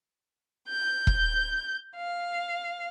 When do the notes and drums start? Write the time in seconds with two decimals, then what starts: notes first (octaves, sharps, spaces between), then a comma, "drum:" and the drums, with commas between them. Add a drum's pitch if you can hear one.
0.68 G6
1.07 drum: kick E1
1.97 F5